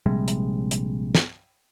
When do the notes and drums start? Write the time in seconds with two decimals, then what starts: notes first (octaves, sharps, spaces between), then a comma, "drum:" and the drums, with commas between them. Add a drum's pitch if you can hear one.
0.06 A#1 C3 G3 G#3
0.28 drum: hi-hat
0.71 drum: hi-hat
1.15 drum: snare